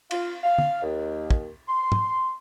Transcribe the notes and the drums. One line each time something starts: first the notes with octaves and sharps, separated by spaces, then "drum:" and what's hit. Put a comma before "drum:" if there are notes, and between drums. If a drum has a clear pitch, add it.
F4, drum: cymbal
F5
drum: tom
D#2
drum: kick
C6
drum: tom